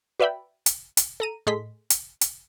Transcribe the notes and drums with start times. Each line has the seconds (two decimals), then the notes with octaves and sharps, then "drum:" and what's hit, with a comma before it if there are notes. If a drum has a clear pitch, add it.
0.20 F#4 B4 D5 E5 G5 B5
0.66 drum: hi-hat
0.97 drum: hi-hat
1.20 A4 A#5 D#7
1.47 A2 G#4 A4 D#5 C6 B6
1.90 drum: hi-hat
2.21 drum: hi-hat